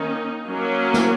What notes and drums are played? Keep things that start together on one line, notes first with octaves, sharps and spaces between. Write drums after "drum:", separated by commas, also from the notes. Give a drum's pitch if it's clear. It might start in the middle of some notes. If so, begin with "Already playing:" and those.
Already playing: D#3 A#3 C#4 D#4
F#3 A#3 C#4
drum: snare